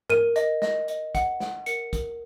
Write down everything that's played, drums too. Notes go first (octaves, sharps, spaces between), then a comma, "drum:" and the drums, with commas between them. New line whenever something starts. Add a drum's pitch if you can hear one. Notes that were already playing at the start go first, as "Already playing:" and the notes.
A#4 D#7, drum: tom G#2
D#5, drum: hi-hat
D#5, drum: snare
D#5, drum: hi-hat
F#5, drum: kick, hi-hat
F#5, drum: snare
A#4 C#7, drum: hi-hat
A#4, drum: kick, hi-hat